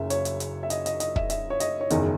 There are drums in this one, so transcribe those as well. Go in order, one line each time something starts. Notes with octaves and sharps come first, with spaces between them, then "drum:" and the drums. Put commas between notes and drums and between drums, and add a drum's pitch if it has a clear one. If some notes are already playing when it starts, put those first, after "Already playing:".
Already playing: F#1 F#2 C#3 E5
C#5, drum: hi-hat
drum: hi-hat
drum: hi-hat
E5
D#5, drum: hi-hat
D#5, drum: hi-hat
D#5, drum: hi-hat
E5, drum: kick
E5, drum: hi-hat
C#5
D#5, drum: hi-hat
C#5
F#1 E2 D#3 D#5, drum: hi-hat